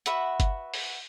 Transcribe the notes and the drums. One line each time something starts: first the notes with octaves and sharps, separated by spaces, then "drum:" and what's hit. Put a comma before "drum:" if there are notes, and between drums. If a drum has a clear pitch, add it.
F#4 B4 E5 F#5, drum: hi-hat
drum: kick G1, hi-hat
drum: open hi-hat